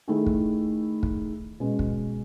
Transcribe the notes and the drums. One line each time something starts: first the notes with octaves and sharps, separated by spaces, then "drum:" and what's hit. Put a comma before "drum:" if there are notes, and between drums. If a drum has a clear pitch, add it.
D#3 A3 E4 G#4
drum: kick
drum: kick
B2 G#3 C#4
drum: kick